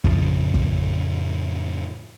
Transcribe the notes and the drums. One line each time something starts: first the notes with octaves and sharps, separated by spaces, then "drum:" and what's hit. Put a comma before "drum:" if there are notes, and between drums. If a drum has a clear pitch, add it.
F2 A2 C#3 F3, drum: kick
drum: kick